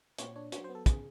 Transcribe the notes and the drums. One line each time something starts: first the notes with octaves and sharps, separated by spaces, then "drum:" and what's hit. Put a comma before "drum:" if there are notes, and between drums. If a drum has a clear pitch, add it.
A#2 C#5, drum: hi-hat
D4 C#5
F#3 C#5, drum: hi-hat
C5
B3
A4
C#3 G#4, drum: kick, hi-hat